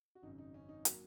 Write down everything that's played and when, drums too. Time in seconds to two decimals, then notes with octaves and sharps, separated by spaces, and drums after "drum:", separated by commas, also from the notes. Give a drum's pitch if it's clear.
0.15 F#4
0.23 G#1 F#2 C#3 D#4
0.38 D#4
0.54 C#4
0.69 D#4
0.85 F#3 A#3 F#4, drum: hi-hat